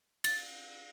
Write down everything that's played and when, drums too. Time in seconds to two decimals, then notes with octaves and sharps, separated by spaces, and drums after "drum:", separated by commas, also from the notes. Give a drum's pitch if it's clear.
0.24 A6, drum: cymbal